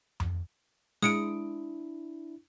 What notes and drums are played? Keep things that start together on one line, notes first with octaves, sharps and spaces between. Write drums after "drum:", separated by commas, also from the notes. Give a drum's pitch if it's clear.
drum: tom F2
G#3 D4 E4 D#6 C#7 D7, drum: snare